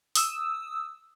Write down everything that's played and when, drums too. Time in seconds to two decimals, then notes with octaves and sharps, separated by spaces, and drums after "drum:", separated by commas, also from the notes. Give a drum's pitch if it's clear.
0.15 D#6 E6, drum: open hi-hat